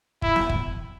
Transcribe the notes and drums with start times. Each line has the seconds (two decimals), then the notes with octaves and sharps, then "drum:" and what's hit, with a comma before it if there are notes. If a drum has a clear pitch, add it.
0.22 E4, drum: kick
0.36 drum: snare B3
0.49 drum: kick